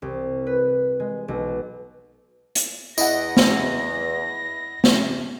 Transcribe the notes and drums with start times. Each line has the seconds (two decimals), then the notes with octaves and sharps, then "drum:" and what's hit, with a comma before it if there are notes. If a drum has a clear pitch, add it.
0.02 C2
0.47 B4
1.00 G#3
1.28 B1
2.55 drum: hi-hat
2.98 E2 E4 D#5 F#5 A#6, drum: tambourine
3.37 drum: snare
4.84 drum: snare